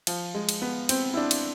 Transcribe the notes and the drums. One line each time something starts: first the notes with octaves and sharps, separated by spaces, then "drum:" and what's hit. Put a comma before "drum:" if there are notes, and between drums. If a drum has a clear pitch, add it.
F3, drum: cymbal
G#3
drum: cymbal
B3
C4, drum: cymbal
E4
D4
drum: cymbal